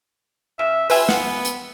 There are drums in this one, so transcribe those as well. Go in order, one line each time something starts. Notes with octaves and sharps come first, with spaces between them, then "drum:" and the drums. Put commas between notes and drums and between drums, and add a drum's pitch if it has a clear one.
C#3 E5
C#4 F4 G4 B4 E5 G#5, drum: open hi-hat
B3 F4 F#5, drum: snare
drum: hi-hat